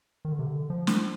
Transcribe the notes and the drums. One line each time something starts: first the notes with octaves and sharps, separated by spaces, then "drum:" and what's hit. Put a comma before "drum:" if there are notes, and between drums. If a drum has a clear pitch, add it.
D#3
D3
C3
D3
F3
drum: snare